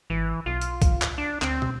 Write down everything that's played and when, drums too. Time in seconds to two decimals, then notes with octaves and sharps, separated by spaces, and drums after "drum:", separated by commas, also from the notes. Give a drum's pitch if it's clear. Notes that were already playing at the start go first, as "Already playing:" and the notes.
0.10 G#1 E3
0.46 B1 F4
0.61 drum: hi-hat
0.82 drum: kick B1, hi-hat
1.02 drum: clap
1.18 D4
1.42 D2 C4, drum: clap
1.62 drum: tom